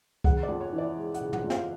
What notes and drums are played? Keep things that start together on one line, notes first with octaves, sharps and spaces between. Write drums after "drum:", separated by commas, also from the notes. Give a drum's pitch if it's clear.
C#3 F#5, drum: kick C#2
D5
F2
C#5
E3
D5
G#3
F#5, drum: hi-hat
C#3
F#5, drum: tom
F2
F5, drum: snare